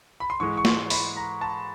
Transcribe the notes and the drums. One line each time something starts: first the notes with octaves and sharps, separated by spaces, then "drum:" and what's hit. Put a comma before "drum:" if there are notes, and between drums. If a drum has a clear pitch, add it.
B5
C6
G#2 E3 G#3 C#6
C#6
C6, drum: snare
B5, drum: open hi-hat
A#5
A5